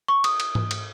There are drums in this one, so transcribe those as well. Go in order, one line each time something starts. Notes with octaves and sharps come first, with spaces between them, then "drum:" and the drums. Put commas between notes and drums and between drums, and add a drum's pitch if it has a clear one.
C#6
D#6, drum: cymbal
drum: cymbal
drum: tom G#2
drum: cymbal